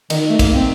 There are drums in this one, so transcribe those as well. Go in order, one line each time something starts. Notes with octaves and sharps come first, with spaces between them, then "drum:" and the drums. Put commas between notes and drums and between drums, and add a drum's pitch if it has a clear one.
D#3 D#4, drum: cymbal
A3
A#3, drum: kick, cymbal
C4